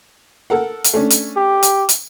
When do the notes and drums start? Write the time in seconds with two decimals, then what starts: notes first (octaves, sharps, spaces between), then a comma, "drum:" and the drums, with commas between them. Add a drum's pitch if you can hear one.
0.50 A4 A#4 F#5
0.84 drum: hi-hat
0.94 A3 C#4 D4
1.10 drum: hi-hat
1.37 G4
1.63 drum: hi-hat
1.89 drum: hi-hat